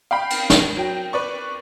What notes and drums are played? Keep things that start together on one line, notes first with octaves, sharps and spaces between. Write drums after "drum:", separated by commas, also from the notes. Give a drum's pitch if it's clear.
F5 G5 B5
drum: cymbal
drum: snare
F#3 G5
B4 D5 C#6